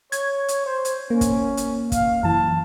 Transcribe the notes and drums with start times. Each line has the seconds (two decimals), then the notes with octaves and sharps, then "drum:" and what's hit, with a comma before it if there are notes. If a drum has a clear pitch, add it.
0.12 C#5 G#6, drum: hi-hat
0.48 drum: hi-hat
0.66 C5
0.85 drum: hi-hat
1.10 A#3 C#4
1.21 drum: kick, hi-hat
1.57 drum: hi-hat
1.92 F5, drum: kick, hi-hat
2.23 F#2 E3 A5